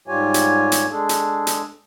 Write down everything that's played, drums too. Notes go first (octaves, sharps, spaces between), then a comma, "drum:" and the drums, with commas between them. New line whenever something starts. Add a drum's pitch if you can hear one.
G#2 G3 F4 G4 C#5 G#5
drum: hi-hat
drum: hi-hat
G#3 D4 G#4 A4
drum: hi-hat
drum: hi-hat